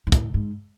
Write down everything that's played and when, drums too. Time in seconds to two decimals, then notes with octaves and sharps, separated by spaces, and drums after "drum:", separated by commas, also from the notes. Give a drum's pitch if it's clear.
0.07 G#2
0.12 A2, drum: kick, hi-hat
0.34 G#2